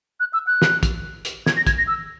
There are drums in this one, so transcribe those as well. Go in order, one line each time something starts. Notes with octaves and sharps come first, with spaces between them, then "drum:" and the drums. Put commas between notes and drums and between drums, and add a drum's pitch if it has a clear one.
F#6
E6
F#6
drum: snare
drum: kick, hi-hat
drum: hi-hat
G#6, drum: snare
A#6
G#6, drum: kick, hi-hat
A#6
E6